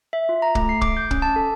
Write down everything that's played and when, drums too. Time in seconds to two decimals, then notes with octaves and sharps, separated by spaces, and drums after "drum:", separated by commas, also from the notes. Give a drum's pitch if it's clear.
0.13 E5
0.29 F4
0.42 A#5
0.55 A3, drum: kick
0.69 C7
0.81 D6, drum: kick
0.97 G6
1.11 C#4, drum: kick
1.22 A5
1.36 A4